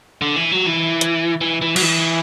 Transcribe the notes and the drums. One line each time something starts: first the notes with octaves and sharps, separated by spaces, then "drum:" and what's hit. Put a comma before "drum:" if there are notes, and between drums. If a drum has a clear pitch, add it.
D3
E3
F#3
E3
drum: hi-hat
E3
E3
F#3, drum: cymbal
E3